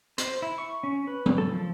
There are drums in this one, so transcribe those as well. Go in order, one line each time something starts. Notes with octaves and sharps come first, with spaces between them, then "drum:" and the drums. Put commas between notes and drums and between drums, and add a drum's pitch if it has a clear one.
C5, drum: hi-hat
E4
C#6
C#4
B4
drum: tom F#3
A4
F3